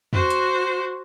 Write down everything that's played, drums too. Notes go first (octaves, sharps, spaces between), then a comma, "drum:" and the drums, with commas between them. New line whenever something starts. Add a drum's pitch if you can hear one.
F#4 C5, drum: tom E2
drum: hi-hat